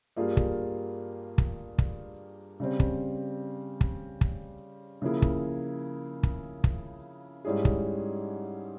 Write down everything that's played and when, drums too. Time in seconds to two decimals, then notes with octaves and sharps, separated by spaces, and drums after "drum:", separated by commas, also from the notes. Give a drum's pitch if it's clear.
0.16 G2 G3 A#3 F4 G#4
0.37 drum: kick
1.38 drum: kick
1.78 drum: kick
2.60 C#3 G3 C4
2.80 drum: kick
3.81 drum: kick
4.21 drum: kick
5.02 C#3 F3 A#3 E4 G#4
5.22 drum: kick
6.23 drum: kick
6.64 drum: kick
7.45 G#2 G3 C#4 E4 G#4
7.65 drum: kick